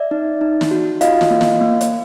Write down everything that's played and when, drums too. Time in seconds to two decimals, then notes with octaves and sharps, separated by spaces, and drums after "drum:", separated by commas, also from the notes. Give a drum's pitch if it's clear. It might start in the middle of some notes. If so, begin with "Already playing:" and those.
Already playing: D5 E5
0.11 D#4
0.41 D#4
0.61 drum: snare
0.71 F#4
1.01 F4 D#5 F5, drum: hi-hat
1.21 drum: snare
1.31 A#3
1.41 drum: snare
1.61 A#3
1.81 drum: hi-hat